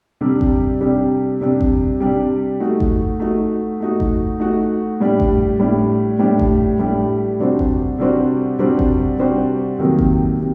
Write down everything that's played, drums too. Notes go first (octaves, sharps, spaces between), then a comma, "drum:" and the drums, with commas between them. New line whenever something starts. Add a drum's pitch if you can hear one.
C3 G3 D4 G4
drum: kick G#1
C3 G3 D4 G4
C3 G3 D4 G4
drum: kick G#1
C3 G3 D4 G4
A3 D#4 F#4
drum: kick G#1
A3 D#4 F#4
A3 D#4 F#4
drum: kick G#1
A3 D#4 F#4
A2 G3 D4 G4
drum: kick G#1
A2 G3 D4 G4
A2 G3 D4 G4
drum: kick G#1
A2 G3 D4 G4
C3 G3 D4 F#4 C5
drum: kick G#1
C3 G3 D4 F#4 C5
C3 G3 D4 F#4 C5
drum: kick G#1
C3 G3 D4 F#4 C5
C3 D#3 F#3 A#3
drum: kick G#1
C3